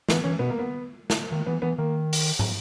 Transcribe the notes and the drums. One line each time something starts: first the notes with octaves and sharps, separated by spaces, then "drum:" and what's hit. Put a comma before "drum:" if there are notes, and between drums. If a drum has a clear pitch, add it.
E3 B3, drum: snare
E3 C#4
B2 B3
A#3
B3
drum: snare
D#3 A#3
E3 B3
E3 B3
D#3 A#3
drum: open hi-hat
drum: tom